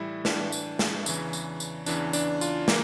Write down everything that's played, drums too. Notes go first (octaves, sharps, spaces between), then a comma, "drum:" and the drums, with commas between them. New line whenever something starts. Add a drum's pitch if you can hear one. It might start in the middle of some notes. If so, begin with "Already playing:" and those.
Already playing: A2 E3 G3 E4
A2 E3 D4, drum: snare
drum: tambourine
drum: snare
E2 C#3 E3, drum: tambourine
drum: tambourine
drum: tambourine
E2 C#3 E3 D4, drum: tambourine
D4, drum: tambourine
F4, drum: tambourine
E3 A#3, drum: snare